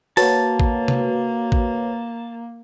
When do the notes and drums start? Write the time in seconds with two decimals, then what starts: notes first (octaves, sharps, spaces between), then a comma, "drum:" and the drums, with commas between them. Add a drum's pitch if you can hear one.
0.17 A#3 F#4 B4 C#5 A5, drum: open hi-hat
0.60 drum: kick A1
0.88 drum: tom C3
1.52 drum: kick A1